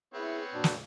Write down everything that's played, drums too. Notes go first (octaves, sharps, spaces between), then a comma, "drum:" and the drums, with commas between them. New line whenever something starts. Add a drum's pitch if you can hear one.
B3 C4 E4 G#4 C#5
F2 A#2 D4 F#4
drum: snare